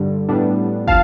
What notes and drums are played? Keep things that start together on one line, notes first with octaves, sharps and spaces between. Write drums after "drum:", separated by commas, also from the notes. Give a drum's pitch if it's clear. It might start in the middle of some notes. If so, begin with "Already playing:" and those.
Already playing: G2 D3 G3
A2 G3 B3 D4
F3 F5 A5, drum: kick